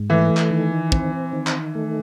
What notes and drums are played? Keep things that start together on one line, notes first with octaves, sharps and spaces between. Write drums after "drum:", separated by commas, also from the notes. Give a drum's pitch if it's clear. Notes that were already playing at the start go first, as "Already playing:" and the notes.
Already playing: G#2
E3 A3
drum: clap
D#3
C4, drum: kick
D#3
drum: clap
A3